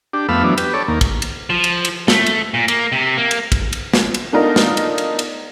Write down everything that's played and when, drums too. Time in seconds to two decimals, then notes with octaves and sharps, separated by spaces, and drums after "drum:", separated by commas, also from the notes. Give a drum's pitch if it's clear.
0.13 D4 G4
0.29 F2 A3 B3 F5 B5 E6
0.43 E3 F#3 B3 D4
0.58 G4 B4, drum: cymbal
0.74 A4 C#5 D5
0.88 D#2 A#3
1.01 drum: kick, cymbal
1.22 drum: cymbal
1.50 F3
1.64 drum: cymbal
1.85 drum: cymbal
2.08 A3, drum: snare
2.26 drum: cymbal
2.54 A#2
2.68 A#3, drum: cymbal
2.92 C3
3.18 A#3
3.31 drum: cymbal
3.52 drum: kick, cymbal
3.73 drum: cymbal
3.93 drum: snare
4.14 drum: cymbal
4.32 A3 B3 D4 D#4 F4 A#4
4.56 drum: snare
4.77 drum: cymbal
4.98 drum: cymbal
5.19 drum: cymbal